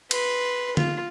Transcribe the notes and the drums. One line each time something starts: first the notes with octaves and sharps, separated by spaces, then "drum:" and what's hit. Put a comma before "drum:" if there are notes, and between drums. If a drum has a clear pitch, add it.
B4 C6, drum: cymbal
F4, drum: tom D3